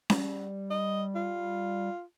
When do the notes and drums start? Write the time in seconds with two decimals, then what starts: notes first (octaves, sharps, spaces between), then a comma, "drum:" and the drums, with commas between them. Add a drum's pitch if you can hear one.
0.10 G3, drum: snare C#4
0.70 D#5
1.16 F4